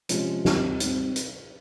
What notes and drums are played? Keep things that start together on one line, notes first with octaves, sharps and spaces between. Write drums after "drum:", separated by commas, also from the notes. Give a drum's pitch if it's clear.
C3 F3 G#3 C#4 G#4, drum: hi-hat
G3 C4 D#4, drum: snare
G3 C4 D#4, drum: hi-hat
drum: hi-hat